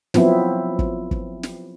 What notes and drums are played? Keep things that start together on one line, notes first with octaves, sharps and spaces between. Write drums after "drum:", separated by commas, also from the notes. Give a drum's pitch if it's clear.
F3 F#3 B3 C4 E4, drum: snare
drum: kick
drum: kick
drum: snare